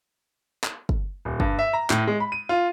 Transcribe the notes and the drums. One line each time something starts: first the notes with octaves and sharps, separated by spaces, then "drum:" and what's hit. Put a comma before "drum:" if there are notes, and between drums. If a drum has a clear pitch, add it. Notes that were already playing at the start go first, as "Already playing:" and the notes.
drum: clap
drum: kick
D#1
G2, drum: kick
E5
A#5
A2, drum: clap
G#3
B5
D#7
F4